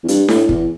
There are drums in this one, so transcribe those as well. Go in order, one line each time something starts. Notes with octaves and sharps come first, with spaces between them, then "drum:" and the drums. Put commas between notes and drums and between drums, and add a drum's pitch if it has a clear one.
E2
G2, drum: hi-hat
A2, drum: snare D4
E2, drum: kick